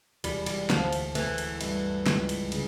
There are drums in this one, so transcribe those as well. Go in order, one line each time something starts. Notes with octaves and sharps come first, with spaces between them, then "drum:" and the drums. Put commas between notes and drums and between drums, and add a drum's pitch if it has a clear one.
E1 G3, drum: cymbal
G3, drum: cymbal
D2 F3, drum: snare
drum: cymbal
E3 A3, drum: cymbal
drum: cymbal
G2, drum: cymbal
C#2, drum: snare
drum: cymbal
C#3, drum: cymbal